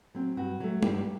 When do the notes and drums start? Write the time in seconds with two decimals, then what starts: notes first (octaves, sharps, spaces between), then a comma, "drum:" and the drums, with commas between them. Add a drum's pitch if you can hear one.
0.15 F#3 C4
0.37 G2 F#4
0.60 F#3 A3
0.83 G2 G4, drum: tom